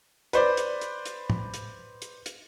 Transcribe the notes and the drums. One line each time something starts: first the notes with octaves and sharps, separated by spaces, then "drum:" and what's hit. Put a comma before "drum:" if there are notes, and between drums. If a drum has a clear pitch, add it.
B4 C5 D5, drum: hi-hat
drum: hi-hat
drum: hi-hat
drum: hi-hat
drum: tom
drum: hi-hat
drum: hi-hat
drum: hi-hat